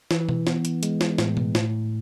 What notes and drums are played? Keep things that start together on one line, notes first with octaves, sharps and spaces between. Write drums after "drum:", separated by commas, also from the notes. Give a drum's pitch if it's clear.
E3, drum: snare
drum: tom B2
B3, drum: snare
drum: hi-hat
G#3, drum: hi-hat
drum: snare
A2, drum: snare
drum: tom B2
A2, drum: snare